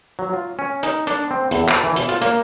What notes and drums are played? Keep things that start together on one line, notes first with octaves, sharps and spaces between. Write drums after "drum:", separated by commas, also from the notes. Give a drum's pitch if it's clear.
F#3
F4
C#4
D#4, drum: hi-hat
D4, drum: hi-hat
C4
E2, drum: hi-hat
A5, drum: clap
E3
B2, drum: hi-hat
F4, drum: hi-hat
A#3, drum: hi-hat